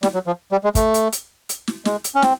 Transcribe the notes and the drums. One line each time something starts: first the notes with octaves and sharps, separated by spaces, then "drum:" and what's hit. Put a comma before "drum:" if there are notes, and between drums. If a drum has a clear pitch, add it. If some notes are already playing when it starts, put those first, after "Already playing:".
G3, drum: snare
F#3
F3
G3
G#3
A3, drum: kick, hi-hat
drum: hi-hat
drum: hi-hat
drum: hi-hat
drum: snare
G#3, drum: snare
drum: hi-hat
C#4
C4, drum: snare